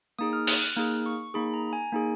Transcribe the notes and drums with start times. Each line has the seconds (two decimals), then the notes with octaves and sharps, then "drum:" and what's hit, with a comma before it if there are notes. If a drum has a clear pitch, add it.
0.19 A#3 D#4 G#4 D#6
0.33 F6
0.47 F#6, drum: open hi-hat
0.62 F#6
0.76 A#3 D#4 G#4 F6
1.06 C#6
1.34 A#3 D#4 G#4 B5
1.54 A#5
1.73 G#5
1.92 A#3 D#4 G#4